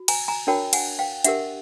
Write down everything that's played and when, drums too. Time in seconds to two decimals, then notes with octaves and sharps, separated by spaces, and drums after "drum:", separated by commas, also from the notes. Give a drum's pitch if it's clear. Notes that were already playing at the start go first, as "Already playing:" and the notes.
Already playing: F#4
0.08 G#5 A#5, drum: cymbal
0.28 G#5 A#5
0.47 D4 F#4 A#4 C#5 G5 A5
0.73 F#5 G#5, drum: cymbal
0.99 F5 G5
1.24 D4 G4 A#4 E5 F#5, drum: hi-hat